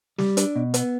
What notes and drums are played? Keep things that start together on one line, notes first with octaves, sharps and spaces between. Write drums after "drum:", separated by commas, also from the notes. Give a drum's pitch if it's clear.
G3, drum: snare
D4, drum: hi-hat
B2
B3, drum: hi-hat